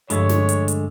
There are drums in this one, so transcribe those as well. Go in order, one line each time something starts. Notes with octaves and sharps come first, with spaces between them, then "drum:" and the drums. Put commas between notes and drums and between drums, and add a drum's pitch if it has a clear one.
G2 D3 F3 G#3 A3 C#5, drum: hi-hat
drum: snare
drum: hi-hat
drum: hi-hat